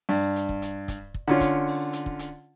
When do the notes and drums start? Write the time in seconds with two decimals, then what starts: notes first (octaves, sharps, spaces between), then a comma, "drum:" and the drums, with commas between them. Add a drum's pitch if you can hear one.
0.09 G2, drum: open hi-hat
0.36 drum: hi-hat
0.49 drum: kick
0.62 drum: hi-hat
0.88 drum: kick, hi-hat
1.14 drum: kick
1.28 D3 C#4 F4
1.41 drum: kick, hi-hat
1.67 drum: open hi-hat
1.93 drum: hi-hat
2.06 drum: kick
2.19 drum: hi-hat